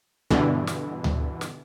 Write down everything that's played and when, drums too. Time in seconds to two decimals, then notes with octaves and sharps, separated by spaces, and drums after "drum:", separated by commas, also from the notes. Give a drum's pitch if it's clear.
0.30 G2 B2 D3 E3, drum: kick
0.67 drum: snare
1.04 drum: tom D2
1.41 drum: snare